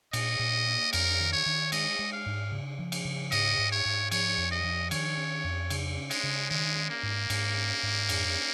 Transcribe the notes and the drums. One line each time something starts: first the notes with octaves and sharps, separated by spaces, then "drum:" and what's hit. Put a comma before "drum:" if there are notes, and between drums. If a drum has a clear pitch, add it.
A#2 D#5, drum: cymbal
A#2
A#3
F2 A#4, drum: cymbal
D#3
C#5
D#3
G#3 D#5, drum: cymbal
G#3
F5
G#2
C#3
F3
drum: cymbal
C#3
G#2 D#5, drum: cymbal
G#2
C#5
G#2
F3 C#5, drum: cymbal
F2
D#5
F3
D#3 C#5, drum: cymbal
C#4
F2
C#3, drum: cymbal
C#4
G#3, drum: cymbal
C#3
D#3 G#3
C#4
A#3
G#2
G#2, drum: cymbal
C#4
G#2
F2, drum: cymbal
C#4